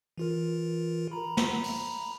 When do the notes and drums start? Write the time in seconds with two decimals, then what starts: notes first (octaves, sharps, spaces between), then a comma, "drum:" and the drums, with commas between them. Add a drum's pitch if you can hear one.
0.18 E3 F4 A#4
1.12 A#5 B5
1.37 drum: snare
1.64 drum: open hi-hat